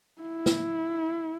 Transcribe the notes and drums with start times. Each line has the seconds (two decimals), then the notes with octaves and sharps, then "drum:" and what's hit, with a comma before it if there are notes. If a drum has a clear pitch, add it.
0.22 E4
0.46 drum: snare